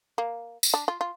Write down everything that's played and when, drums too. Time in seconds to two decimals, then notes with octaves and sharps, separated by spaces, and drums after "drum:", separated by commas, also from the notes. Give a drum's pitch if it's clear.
0.18 A#3
0.63 drum: tambourine
0.74 D4
0.88 F4
1.01 F4